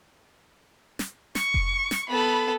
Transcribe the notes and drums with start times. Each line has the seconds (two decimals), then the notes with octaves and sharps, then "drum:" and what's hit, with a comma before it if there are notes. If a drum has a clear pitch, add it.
0.99 drum: snare
1.35 C#6, drum: snare
1.54 drum: kick F1
1.91 drum: snare
2.09 B3 A4 B5